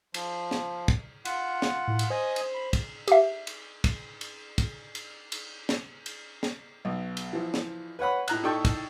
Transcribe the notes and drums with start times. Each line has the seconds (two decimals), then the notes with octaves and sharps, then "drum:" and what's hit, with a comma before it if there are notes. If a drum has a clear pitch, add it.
0.14 F3, drum: cymbal
0.51 drum: snare
0.88 drum: kick
1.25 F4 F#5, drum: cymbal
1.62 drum: snare
1.88 A2
1.99 drum: cymbal
2.10 C5 D#5 G#5 D#6
2.36 drum: cymbal
2.54 B5
2.73 drum: kick, cymbal
3.08 G4 E5, drum: cymbal
3.47 drum: cymbal
3.84 drum: kick, cymbal
4.21 drum: cymbal
4.58 drum: kick, cymbal
4.95 drum: cymbal
5.32 drum: cymbal
5.69 drum: snare
6.06 drum: cymbal
6.43 drum: snare
6.85 B1
7.17 drum: cymbal
7.33 E3 F3
7.54 drum: snare
7.99 B4 C#5 F#5 B5
8.28 A2 A#5 F#6, drum: cymbal
8.43 A2 D#4 A4 D5 G5 C#6
8.65 drum: kick, cymbal